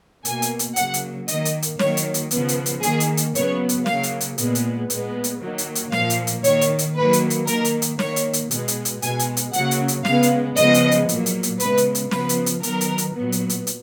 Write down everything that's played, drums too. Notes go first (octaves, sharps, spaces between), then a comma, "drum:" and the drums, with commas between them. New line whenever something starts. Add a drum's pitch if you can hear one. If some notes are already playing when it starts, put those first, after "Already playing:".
B2 A#3 G#5, drum: hi-hat
drum: hi-hat
drum: hi-hat
C#3 F#3 A#3 F#5, drum: hi-hat
drum: hi-hat
D#3 A#3 D#5, drum: hi-hat
drum: hi-hat
drum: hi-hat
D#3 F#3 A#3 C#5, drum: snare
drum: hi-hat
drum: hi-hat
C#3 F3 B3, drum: hi-hat
drum: hi-hat
drum: hi-hat
D#3 A#3 G#4, drum: hi-hat
drum: hi-hat
drum: hi-hat
C#3 F#3 B3 C#5, drum: hi-hat
drum: hi-hat
C#3 F#3 A#3 F5, drum: snare
drum: hi-hat
drum: hi-hat
A#2 G#3 B3, drum: hi-hat
drum: hi-hat
A#2 G#3 B3, drum: hi-hat
drum: hi-hat
D#3 F#3 A#3
drum: hi-hat
drum: hi-hat
A#2 F3 A#3 F5, drum: snare
drum: hi-hat
drum: hi-hat
D#3 A#3 C#5, drum: hi-hat
drum: hi-hat
drum: hi-hat
D#3 F#3 A#3 B4
drum: hi-hat
drum: hi-hat
D#3 A#3 A#4, drum: hi-hat
drum: hi-hat
drum: hi-hat
D#3 A#3 C#5, drum: snare
drum: hi-hat
drum: hi-hat
B2 G#3 B3, drum: hi-hat
drum: hi-hat
drum: hi-hat
B2 G#3 B3 G#5, drum: hi-hat
drum: hi-hat
drum: hi-hat
C#3 F#3 A#3 F#5, drum: hi-hat
drum: hi-hat
drum: hi-hat
C#3 G#3 B3 F5, drum: snare
drum: hi-hat
C#3 F3 G#3 B3 D#5, drum: hi-hat
drum: hi-hat
drum: hi-hat
A#2 F#3 A#3, drum: hi-hat
drum: hi-hat
drum: hi-hat
C#3 G#3 B3 B4, drum: hi-hat
drum: hi-hat
drum: hi-hat
C#3 F3 B3 B4, drum: snare
drum: hi-hat
drum: hi-hat
D#3 F#3 B3 A#4, drum: hi-hat
drum: hi-hat
drum: hi-hat
A#2 F#3 B3
drum: hi-hat
drum: hi-hat
drum: hi-hat